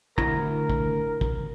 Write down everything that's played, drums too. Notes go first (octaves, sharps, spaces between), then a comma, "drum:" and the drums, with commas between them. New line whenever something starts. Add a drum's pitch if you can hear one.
D2 E4 A#4 A#5, drum: kick
drum: kick
drum: kick